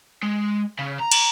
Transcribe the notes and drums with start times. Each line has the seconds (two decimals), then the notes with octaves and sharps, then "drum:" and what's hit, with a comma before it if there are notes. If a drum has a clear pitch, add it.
0.22 G#3
0.79 C#3
1.00 A#5
1.11 drum: cymbal